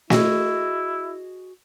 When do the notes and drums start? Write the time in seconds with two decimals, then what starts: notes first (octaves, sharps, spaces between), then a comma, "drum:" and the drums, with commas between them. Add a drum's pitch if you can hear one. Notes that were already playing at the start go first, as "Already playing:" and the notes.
0.10 E4 F#4 G#4 D#5, drum: snare